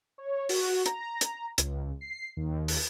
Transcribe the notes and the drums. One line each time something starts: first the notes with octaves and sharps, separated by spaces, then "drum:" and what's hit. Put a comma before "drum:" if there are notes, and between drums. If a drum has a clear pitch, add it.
C#5
F#4, drum: open hi-hat
A#5, drum: hi-hat
drum: hi-hat
C#2, drum: hi-hat
C7
D#2
drum: open hi-hat